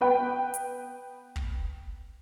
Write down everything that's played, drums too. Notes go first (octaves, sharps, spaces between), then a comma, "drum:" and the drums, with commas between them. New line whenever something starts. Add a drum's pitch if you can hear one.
B3 B4 G5
drum: hi-hat
drum: kick